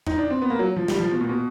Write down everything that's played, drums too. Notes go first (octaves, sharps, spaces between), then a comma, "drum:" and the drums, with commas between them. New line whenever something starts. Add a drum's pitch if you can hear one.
D#4, drum: tom E2
D4
C4
B3
A#3
F#3
F3
G3, drum: snare
F3
B2
A#2
B2